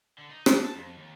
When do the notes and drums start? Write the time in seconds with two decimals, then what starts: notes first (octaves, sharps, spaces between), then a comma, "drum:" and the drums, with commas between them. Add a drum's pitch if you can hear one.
0.18 D3
0.30 D#4
0.46 E2, drum: rim click
0.60 A5
0.75 F2
0.98 D#2